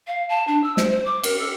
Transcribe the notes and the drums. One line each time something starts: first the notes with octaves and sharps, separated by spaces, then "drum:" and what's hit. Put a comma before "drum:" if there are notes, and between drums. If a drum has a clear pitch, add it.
F5
A5
D4
E6
C5, drum: snare
C5
D6
A#4, drum: cymbal
A4